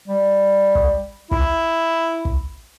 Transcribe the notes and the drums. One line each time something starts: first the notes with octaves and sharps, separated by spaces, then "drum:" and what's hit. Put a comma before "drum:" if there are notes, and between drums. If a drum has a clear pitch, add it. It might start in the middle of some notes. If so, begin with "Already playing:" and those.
G3
drum: kick
E4, drum: kick
drum: kick